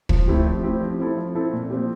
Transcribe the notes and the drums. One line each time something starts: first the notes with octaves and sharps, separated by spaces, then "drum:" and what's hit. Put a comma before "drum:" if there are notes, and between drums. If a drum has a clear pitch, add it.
F3, drum: kick
A3 C4 E4 G4
F3
A3 C4 E4 G4
F3
C4 E4 A4
F3
C4 E4 A4
A#2
F3 C4 G4